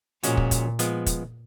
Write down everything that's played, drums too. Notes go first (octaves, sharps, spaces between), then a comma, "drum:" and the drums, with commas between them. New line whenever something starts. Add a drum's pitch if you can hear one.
A#2 F3 G#3 C#4 F#4, drum: hi-hat
drum: kick
drum: kick, hi-hat
F3 G#3 B3, drum: hi-hat
drum: kick, hi-hat